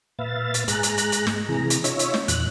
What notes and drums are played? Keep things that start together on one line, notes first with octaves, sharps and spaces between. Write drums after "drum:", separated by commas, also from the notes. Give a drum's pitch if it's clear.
A#2 B4 E5 F5 A6
drum: hi-hat
G#2 G#4 A#5 F#6, drum: hi-hat
drum: hi-hat
drum: hi-hat
drum: hi-hat
drum: snare
C3 E3 G#4 A#5
drum: hi-hat
C#4 D#4 F4 C#5 E5, drum: hi-hat
drum: hi-hat
drum: snare
E2 A#2 F#6, drum: hi-hat